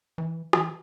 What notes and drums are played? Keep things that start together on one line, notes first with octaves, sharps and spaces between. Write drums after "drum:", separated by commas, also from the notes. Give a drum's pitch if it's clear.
E3
E3, drum: rim click